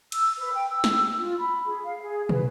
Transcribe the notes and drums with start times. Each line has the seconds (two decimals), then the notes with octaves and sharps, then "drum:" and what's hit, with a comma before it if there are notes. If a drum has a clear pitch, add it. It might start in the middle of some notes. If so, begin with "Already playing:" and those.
0.12 E6, drum: cymbal
0.38 B4
0.51 G5
0.68 E6
0.84 drum: snare
1.16 F4
1.37 B5
1.64 G#4
1.83 F5
2.02 G#4
2.29 B4, drum: tom